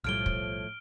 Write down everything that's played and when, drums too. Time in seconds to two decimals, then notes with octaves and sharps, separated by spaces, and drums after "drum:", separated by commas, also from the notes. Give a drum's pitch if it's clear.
0.04 B1 A2 F3 G3 F6 D7 G7
0.26 drum: kick